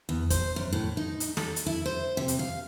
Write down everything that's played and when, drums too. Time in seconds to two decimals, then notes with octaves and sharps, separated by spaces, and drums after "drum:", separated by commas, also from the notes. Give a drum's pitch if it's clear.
0.09 E2
0.30 C5, drum: kick, hi-hat
0.56 F#2
0.73 A2
0.97 D#4
1.20 drum: hi-hat
1.37 A4, drum: snare
1.56 drum: hi-hat
1.66 E4
1.86 C5
2.17 C3
2.28 drum: hi-hat
2.39 F5